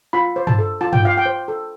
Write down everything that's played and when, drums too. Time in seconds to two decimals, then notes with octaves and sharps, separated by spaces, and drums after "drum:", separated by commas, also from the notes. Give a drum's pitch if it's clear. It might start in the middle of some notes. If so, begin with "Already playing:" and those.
0.13 F4 B5
0.36 C5
0.47 A5, drum: tom G2
0.59 A4
0.81 F4 A5
0.93 G5, drum: tom G2
1.03 F4 F5
1.17 G5
1.26 C5
1.48 A4